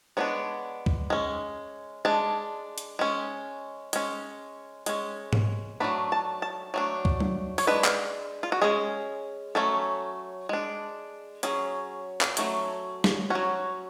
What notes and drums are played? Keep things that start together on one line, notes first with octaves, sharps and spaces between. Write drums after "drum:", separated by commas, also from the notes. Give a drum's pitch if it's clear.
G#3 B3 D4 C#5
drum: kick C#2
G#3 C#4
G#3 D4 A5
drum: hi-hat
G#3 C#4
G#3 C#4, drum: hi-hat
G#3 C#4, drum: hi-hat
drum: tom G#2
F#3 A3 D4 B5
A5
A5
F#3 A3 D4
drum: kick C#2
drum: tom F#3
C#5, drum: open hi-hat
G#3 D4 B4
drum: clap
F4
F#4
G#3 C#4 G#4
F#3 A3 C#4 A4
G#3 D4
F#3 C#4 G#4, drum: hi-hat
drum: clap
F#3 A3 C#4, drum: hi-hat
drum: snare
F#3 C#4 F#4